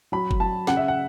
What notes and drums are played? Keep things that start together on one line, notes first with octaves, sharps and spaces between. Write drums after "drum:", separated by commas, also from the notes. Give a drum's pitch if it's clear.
F#3 B5
drum: kick F#1
F#3 A5
C#3 F#5, drum: snare
E5
F#5